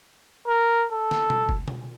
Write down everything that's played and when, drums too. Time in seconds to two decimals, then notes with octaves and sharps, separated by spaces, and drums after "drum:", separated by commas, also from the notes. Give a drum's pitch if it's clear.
0.47 A#4
0.92 A4
1.11 drum: snare
1.30 drum: tom B2
1.49 drum: kick
1.68 drum: tom B2